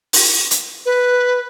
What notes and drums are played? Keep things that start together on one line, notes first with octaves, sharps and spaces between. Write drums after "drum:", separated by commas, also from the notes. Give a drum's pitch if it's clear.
drum: open hi-hat
drum: hi-hat
B4